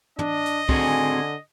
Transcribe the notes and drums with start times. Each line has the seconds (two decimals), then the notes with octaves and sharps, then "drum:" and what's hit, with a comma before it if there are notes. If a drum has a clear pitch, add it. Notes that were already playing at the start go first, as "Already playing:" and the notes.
0.19 D4 D#5, drum: tom
0.46 drum: hi-hat
0.69 D3 C4 F#4 G#4 G#5, drum: kick